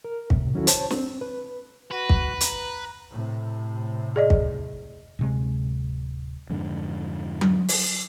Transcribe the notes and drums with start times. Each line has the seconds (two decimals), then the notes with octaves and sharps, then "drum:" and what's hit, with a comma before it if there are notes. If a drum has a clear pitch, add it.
0.05 A#4
0.30 A2 C3, drum: kick
0.54 D#3 F#3 C#4 E4 F#4 A4
0.67 C5 C#5 A5, drum: hi-hat
0.91 C4, drum: snare
1.21 B4
1.91 F#4 B4
2.09 drum: kick
2.41 A#5, drum: hi-hat
3.13 A2 C3
4.16 G#4 D5 D#5
4.30 drum: kick
5.19 D1 C3 G#3
6.50 F2 G#2 D3
7.41 drum: tom F#3
7.68 drum: open hi-hat